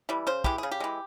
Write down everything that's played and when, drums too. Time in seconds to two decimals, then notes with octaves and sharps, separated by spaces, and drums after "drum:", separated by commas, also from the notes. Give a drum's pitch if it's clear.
0.09 E3 G3
0.27 C#3 C5
0.44 E3 G#3 G4, drum: kick
0.58 C#3 G#4
0.71 G4
0.80 E3 G#3